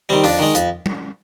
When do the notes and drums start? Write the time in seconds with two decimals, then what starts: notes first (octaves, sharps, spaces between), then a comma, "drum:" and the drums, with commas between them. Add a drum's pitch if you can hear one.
0.09 D#3 G3 C4
0.24 F2 D4, drum: open hi-hat
0.39 D#3 G#3
0.55 F2, drum: hi-hat
0.86 drum: tom